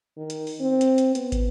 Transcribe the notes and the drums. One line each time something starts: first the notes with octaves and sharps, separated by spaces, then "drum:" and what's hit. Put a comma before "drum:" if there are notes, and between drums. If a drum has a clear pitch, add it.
D#3
drum: hi-hat
drum: open hi-hat
C4
drum: hi-hat
drum: hi-hat
B3, drum: hi-hat
drum: kick, hi-hat